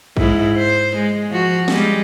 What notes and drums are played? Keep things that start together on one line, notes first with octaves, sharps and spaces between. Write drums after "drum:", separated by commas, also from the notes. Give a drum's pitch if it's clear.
G#2 E4, drum: kick
C5
G#3
F3 F#4
G3 G#3, drum: snare